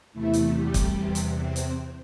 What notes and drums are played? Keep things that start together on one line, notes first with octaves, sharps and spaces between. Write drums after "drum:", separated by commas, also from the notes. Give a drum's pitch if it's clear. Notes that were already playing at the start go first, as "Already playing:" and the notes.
E2 C3 E3 A3 E4
drum: hi-hat
G3 G4
drum: kick, hi-hat
E2 C3 E3
drum: hi-hat
C4 C5
drum: hi-hat